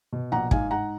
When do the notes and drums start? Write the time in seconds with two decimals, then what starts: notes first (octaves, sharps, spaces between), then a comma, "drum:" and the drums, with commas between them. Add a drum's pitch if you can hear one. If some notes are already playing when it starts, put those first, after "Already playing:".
0.13 B2
0.32 A#1 F#5 A#5
0.51 G#2 F5 G#5, drum: kick
0.71 G#2 F#5 A#5